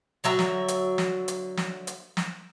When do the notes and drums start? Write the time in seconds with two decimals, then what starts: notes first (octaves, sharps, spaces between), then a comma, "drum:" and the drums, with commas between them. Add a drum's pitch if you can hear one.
0.24 D3 F#3 E5 A#5
0.39 drum: snare
0.68 drum: hi-hat
0.98 drum: snare
1.28 drum: hi-hat
1.57 drum: snare
1.87 drum: hi-hat
2.17 drum: snare